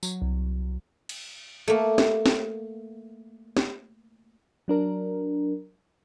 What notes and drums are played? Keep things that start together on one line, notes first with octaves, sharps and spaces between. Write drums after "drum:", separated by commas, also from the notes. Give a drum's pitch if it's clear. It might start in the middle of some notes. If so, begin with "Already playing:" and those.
F#3, drum: tambourine
C2
drum: cymbal
A3 A#3
drum: snare
drum: snare
drum: snare
F#3 D4 A#4